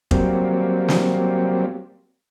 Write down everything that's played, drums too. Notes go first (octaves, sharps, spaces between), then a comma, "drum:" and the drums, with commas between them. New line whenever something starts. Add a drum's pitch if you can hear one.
F#3 G3 A#3 C4, drum: kick F1
drum: snare